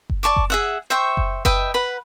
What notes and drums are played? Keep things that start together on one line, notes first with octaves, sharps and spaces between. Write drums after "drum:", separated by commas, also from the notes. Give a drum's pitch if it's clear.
drum: kick F#1
D5 A5 C#6 D6
drum: kick F#1
G#4 E5 F#5
C5 E5 G5 C#6
drum: kick F#1
B4 D#5 E5 G5, drum: kick F#1
B4 F#5 B5